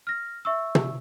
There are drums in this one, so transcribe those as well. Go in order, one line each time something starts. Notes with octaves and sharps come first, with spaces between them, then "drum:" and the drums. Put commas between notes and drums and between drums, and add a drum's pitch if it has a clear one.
F6 A#6
E5 C#6 E6
drum: tom